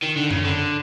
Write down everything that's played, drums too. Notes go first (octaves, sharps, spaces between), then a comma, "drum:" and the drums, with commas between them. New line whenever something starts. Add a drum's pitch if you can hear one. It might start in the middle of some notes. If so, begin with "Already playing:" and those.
D#3
D3
C#3, drum: tom F#2
D3